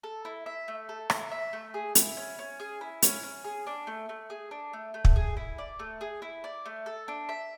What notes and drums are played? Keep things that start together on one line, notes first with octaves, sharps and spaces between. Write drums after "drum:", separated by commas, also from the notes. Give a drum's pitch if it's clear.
A4
E4
E5
A3
A4
E4, drum: rim click
E5
A3
G#4
E4, drum: hi-hat
C#4
C#4
G#4
E4
C#4, drum: hi-hat
C#4
G#4
D4
A3
A3
G#4
D4
A3
A3
drum: kick
G#4
E4
D5
A3
G#4
E4
D5
A3
A4
D4
E5